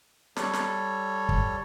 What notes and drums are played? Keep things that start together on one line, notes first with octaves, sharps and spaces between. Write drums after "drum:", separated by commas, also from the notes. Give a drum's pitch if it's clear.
G3 A4 C#5, drum: snare
drum: snare
drum: kick